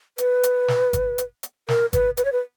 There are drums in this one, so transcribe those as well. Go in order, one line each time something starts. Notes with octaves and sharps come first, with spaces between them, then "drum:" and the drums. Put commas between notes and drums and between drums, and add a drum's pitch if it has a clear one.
B4, drum: hi-hat
drum: hi-hat
drum: snare
drum: kick G#1, hi-hat
drum: hi-hat
drum: hi-hat
A#4, drum: snare
B4, drum: kick G#1, hi-hat
B4, drum: hi-hat
C#5
B4